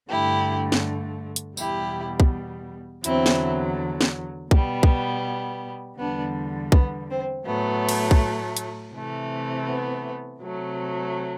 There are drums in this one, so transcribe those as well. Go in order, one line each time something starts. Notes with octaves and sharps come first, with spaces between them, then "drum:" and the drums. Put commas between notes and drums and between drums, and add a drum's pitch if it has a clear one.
G2 D3 A3 E4 G4
drum: snare
drum: hi-hat
E2 B2 G3 E4 G4, drum: tambourine
drum: kick B1
E2 D3 F#3 C4 E4, drum: hi-hat
drum: snare
drum: snare
B2 G3 B3, drum: kick B1
drum: kick B1
E2 D3 G3 B3 D4
B3, drum: kick B1
C4
A2 F#3 A3 B3
drum: cymbal
drum: kick B1
drum: hi-hat
C3 E3 A3
B3
C3 F#3 A3